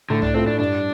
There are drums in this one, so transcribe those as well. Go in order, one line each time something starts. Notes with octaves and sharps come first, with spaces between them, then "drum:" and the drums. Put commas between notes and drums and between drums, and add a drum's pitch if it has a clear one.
A2 D3
D4, drum: kick C2
A3 C4 F4
D4
G2 D4